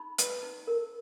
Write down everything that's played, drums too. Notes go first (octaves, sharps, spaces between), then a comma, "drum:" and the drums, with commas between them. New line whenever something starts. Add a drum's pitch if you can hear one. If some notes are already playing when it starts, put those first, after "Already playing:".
Already playing: D#4 B5
B4, drum: hi-hat
D#4
A#4